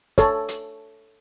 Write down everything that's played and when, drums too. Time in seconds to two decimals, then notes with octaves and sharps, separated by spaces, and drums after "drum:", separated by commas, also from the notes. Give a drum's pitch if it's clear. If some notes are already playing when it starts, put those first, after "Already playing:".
0.18 A4 C#5, drum: kick, hi-hat
0.48 drum: hi-hat